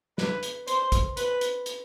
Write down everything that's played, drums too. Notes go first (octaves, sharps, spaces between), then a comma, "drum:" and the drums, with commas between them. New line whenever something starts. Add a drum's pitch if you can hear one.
B4, drum: snare
drum: hi-hat
C5, drum: hi-hat
drum: kick, hi-hat
B4, drum: hi-hat
drum: hi-hat
drum: hi-hat